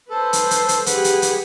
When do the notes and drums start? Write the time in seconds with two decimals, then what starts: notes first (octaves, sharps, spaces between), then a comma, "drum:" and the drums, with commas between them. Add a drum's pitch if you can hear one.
0.10 A4 B4 C5
0.33 drum: hi-hat
0.51 drum: hi-hat
0.69 drum: hi-hat
0.86 G4 G#4 B4 F#5, drum: hi-hat
1.04 drum: hi-hat
1.22 drum: hi-hat